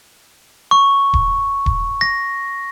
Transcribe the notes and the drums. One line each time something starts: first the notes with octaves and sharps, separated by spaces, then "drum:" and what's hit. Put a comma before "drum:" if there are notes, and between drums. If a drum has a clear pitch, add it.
C#6
drum: kick D#1
drum: kick D#1
A#6